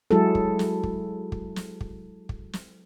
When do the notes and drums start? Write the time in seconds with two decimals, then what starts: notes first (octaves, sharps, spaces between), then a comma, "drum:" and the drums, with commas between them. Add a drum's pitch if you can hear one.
0.11 F#3 G#3 E4 F#4 G#4 A4
0.35 drum: kick
0.59 drum: snare
0.83 drum: kick
1.32 drum: kick
1.56 drum: snare
1.81 drum: kick
2.29 drum: kick
2.53 drum: snare